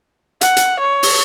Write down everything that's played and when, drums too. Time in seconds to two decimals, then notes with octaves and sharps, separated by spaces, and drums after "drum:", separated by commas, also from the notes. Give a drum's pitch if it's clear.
0.41 F#5, drum: hi-hat
0.57 drum: hi-hat
0.80 C#5
1.03 drum: open hi-hat